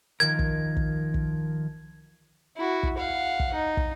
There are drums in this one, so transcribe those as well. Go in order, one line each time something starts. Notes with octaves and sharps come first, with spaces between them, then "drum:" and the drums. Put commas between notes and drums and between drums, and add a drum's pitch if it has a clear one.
D#3 F3 A#4 G#6
drum: kick
drum: kick
drum: kick
E4 F#4
drum: kick
F5 F#5
drum: kick
D#4
drum: kick